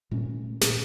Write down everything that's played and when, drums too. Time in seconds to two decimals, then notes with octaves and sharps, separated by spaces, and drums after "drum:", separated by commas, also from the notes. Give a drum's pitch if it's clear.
0.11 A#2 A3 C#4
0.61 A#2 A3 C#4, drum: snare